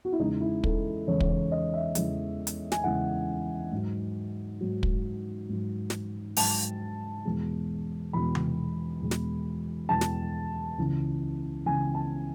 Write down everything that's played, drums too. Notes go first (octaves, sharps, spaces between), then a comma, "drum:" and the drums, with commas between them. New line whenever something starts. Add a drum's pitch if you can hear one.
F#4
E4
E2 C#3 E3 G#3 D#4
E4
A4, drum: kick
E2 C#3 E3 G#3 C#5
drum: kick
C#5
D#5
E5
E2 C#3 E3 G#3, drum: hi-hat
drum: hi-hat
G#5, drum: snare
E2 C#3 E3 G#3 F#5
G#2 F#3
G#2 F#3
drum: kick
G#2 F#3
drum: snare
G#2 F#3 A5, drum: open hi-hat
E2 B2 G#3
E2 B2 G#3 B5
drum: tom C3
E2 B2 G#3
drum: snare
E2 B2 G#3 A5
drum: snare
C#2 C#3 E3
C#2 C#3 E3 G#5
A5